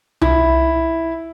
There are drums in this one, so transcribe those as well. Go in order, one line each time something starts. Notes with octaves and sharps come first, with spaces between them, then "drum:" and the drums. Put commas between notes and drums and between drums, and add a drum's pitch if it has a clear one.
E4, drum: tom C2